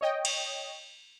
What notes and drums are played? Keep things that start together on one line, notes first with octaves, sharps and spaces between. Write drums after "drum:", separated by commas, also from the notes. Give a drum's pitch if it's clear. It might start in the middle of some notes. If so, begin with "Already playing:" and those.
C#5 D#5 G5
drum: cymbal